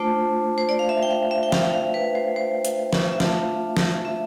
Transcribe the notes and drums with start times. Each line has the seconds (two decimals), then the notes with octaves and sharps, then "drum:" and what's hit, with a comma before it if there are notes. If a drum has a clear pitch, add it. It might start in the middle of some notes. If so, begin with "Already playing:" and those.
Already playing: A3 D4 F4 C5
0.58 C5
0.69 D5
0.79 F5
0.89 E5
1.03 G5
1.11 F5
1.31 E5
1.43 G5
1.52 F5, drum: snare
1.74 F5
1.94 B4
2.15 C5
2.36 C5
2.65 drum: hi-hat
2.93 drum: snare
3.12 E5
3.20 A3 D4 F4 F5, drum: snare
3.77 drum: snare
4.05 E5